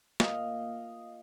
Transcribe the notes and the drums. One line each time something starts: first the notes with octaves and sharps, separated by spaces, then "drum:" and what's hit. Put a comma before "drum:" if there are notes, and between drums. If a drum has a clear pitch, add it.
A#2 D#5 F5, drum: snare